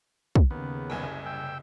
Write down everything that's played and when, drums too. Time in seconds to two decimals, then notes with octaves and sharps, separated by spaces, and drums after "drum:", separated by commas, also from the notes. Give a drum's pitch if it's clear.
0.35 drum: kick
0.51 D#2 C#3 B3
0.90 F#1 C2 G#5
1.26 G5 E6